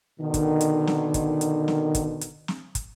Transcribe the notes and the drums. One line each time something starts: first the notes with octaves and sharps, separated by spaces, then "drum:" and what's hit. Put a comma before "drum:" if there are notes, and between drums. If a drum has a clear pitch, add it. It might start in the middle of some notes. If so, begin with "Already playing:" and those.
B2 D3 D#3
drum: kick, hi-hat
drum: hi-hat
drum: snare
drum: kick, hi-hat
drum: hi-hat
drum: snare
drum: kick, hi-hat
drum: hi-hat
drum: snare
drum: kick, hi-hat